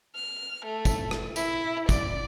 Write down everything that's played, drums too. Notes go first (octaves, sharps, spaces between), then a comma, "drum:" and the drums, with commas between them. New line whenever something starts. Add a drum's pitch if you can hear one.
F6
A3
drum: kick, tambourine
drum: rim click
E4, drum: tambourine
D5, drum: kick, tambourine